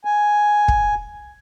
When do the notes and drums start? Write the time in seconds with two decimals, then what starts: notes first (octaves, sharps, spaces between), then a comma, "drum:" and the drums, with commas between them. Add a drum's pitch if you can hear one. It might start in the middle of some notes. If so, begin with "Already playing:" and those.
0.05 G#5
0.68 drum: kick